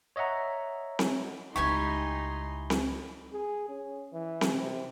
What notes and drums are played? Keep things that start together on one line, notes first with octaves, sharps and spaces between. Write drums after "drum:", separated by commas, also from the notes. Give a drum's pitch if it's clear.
C#5 D#5 E5 F#5 A#5
drum: snare C4
C#2 G#3 D#4 E4 G4 G#5 C6 C#6
drum: snare C4
G#4
C#4
E3
drum: snare C4
C3